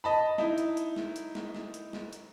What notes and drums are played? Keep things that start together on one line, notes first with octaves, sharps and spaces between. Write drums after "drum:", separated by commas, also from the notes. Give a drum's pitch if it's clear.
D#5 A5 B5
D#4 E4, drum: snare
drum: hi-hat
drum: hi-hat
drum: snare
drum: hi-hat
drum: snare
drum: snare
drum: hi-hat
drum: snare
drum: hi-hat